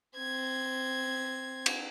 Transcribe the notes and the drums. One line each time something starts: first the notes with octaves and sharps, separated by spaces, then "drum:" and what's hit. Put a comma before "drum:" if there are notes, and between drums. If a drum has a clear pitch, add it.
C4 G#6
drum: cymbal